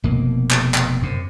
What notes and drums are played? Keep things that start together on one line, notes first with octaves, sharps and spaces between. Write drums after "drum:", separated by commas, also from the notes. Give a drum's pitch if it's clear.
F1 B2 A#3
drum: clap
drum: clap
F#2 C3